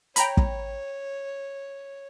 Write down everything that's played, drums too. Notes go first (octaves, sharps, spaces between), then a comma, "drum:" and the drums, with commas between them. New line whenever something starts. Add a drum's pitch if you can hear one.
C#5 G5 A#5 B5, drum: hi-hat
drum: kick